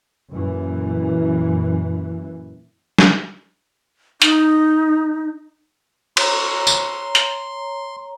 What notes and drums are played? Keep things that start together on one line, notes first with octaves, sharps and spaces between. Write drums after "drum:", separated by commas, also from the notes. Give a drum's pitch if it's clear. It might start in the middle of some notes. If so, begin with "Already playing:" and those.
F#2 A#2 E3
drum: snare
D#4, drum: hi-hat
C#5 A#5 C6, drum: cymbal
drum: tambourine
drum: hi-hat